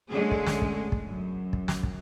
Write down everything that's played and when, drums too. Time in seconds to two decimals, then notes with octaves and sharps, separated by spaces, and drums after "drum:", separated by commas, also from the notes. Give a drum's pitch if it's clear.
0.12 D3 G#3 A3 C#4 G#4
0.31 drum: kick
0.47 drum: snare
0.62 drum: kick
0.92 drum: kick
1.07 F#2
1.53 drum: kick
1.68 drum: snare
1.83 drum: kick